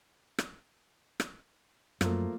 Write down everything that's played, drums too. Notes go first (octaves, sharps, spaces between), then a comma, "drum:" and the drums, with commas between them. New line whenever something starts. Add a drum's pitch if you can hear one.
drum: rim click
drum: rim click
F#2 F3 A3 A#3, drum: rim click